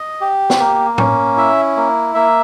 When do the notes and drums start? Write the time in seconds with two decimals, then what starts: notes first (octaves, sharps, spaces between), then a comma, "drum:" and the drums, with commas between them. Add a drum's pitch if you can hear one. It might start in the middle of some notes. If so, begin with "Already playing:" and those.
Already playing: D#5
0.21 G4
0.50 drum: snare
0.60 A#3
0.98 C#4, drum: tom A2
1.37 E4 E5
1.77 A#3
2.15 A#3 E5